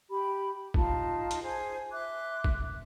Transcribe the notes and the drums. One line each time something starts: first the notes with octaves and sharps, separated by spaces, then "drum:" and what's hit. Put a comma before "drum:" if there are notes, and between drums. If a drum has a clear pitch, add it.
G4 B5
D#4 F4 A5, drum: kick
drum: hi-hat
G#4 C5 G#5
E5 C6 D6 F#6
drum: kick